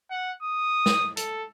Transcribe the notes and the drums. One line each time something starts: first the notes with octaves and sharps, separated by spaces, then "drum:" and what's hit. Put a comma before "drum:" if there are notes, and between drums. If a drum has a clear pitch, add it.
F#5
D#6
drum: snare
A4, drum: hi-hat